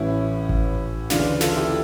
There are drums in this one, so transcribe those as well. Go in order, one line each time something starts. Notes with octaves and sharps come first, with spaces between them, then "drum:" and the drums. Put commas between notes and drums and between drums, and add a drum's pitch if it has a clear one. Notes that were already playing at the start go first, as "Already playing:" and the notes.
Already playing: A1 A2 E3 C#4 E4
drum: kick G#1
D2 C#3 E3 D4 F4, drum: snare
F4 A4, drum: snare
E4 G4